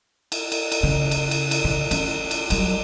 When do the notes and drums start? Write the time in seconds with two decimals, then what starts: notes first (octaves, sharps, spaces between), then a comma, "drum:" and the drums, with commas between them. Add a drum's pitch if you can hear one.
0.32 drum: cymbal
0.52 drum: cymbal
0.72 drum: cymbal
0.83 C#3
1.11 drum: cymbal
1.31 drum: cymbal
1.51 drum: cymbal
1.65 C#3
1.91 C#4, drum: cymbal
2.31 drum: cymbal
2.50 F#3 G3, drum: cymbal